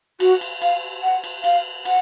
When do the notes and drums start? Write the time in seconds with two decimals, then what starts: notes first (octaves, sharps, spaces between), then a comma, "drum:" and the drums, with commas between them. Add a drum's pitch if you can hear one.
0.20 F#4, drum: cymbal
0.41 drum: cymbal
0.62 F5, drum: cymbal
1.03 F#5
1.24 drum: cymbal
1.44 F5, drum: cymbal
1.85 F#5, drum: cymbal